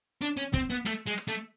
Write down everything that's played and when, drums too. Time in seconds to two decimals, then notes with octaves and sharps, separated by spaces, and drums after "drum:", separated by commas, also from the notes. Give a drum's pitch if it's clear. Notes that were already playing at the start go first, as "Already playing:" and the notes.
0.22 D4
0.37 C#4
0.54 C4, drum: kick
0.70 B3
0.86 A3, drum: rim click
1.07 G#3
1.18 drum: rim click
1.28 A3